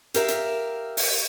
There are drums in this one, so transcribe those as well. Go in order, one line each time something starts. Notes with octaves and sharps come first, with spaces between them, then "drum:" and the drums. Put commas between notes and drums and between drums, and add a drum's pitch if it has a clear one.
G4 A#4 E5 F5, drum: hi-hat
drum: hi-hat
drum: open hi-hat